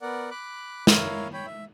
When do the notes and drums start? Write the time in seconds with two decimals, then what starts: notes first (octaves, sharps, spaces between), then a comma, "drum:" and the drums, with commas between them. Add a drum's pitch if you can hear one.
0.01 B3 A#4 D5 F#5
0.31 B5 D6 F#6
0.87 E4 A#4 C#5 F5, drum: snare
1.33 C#5 G5 B5
1.46 E5